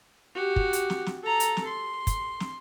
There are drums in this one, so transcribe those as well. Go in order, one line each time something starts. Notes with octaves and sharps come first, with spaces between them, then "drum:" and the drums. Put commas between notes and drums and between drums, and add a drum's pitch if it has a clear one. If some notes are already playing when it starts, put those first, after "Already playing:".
F#4 G4
drum: kick
drum: hi-hat
drum: snare
drum: snare
A4 A#5
drum: hi-hat
drum: snare
C6
drum: kick, hi-hat
drum: snare